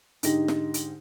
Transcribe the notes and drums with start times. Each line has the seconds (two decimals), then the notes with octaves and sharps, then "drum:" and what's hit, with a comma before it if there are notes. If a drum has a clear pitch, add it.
0.23 G#2 D3 D#4 G4 A#6, drum: hi-hat
0.48 drum: snare
0.74 drum: hi-hat